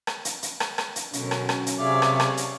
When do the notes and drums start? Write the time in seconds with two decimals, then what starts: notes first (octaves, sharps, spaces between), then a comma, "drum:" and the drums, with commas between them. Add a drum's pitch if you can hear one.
0.07 drum: rim click
0.25 drum: hi-hat
0.43 drum: hi-hat
0.60 drum: rim click
0.78 drum: rim click
0.96 drum: hi-hat
1.13 B2 D3 F#3 C#4 A#4, drum: hi-hat
1.31 drum: rim click
1.49 drum: rim click
1.66 drum: hi-hat
1.79 C3 G#4 C#5 D5 E5 F5 D6
2.02 drum: rim click
2.20 drum: rim click
2.37 drum: hi-hat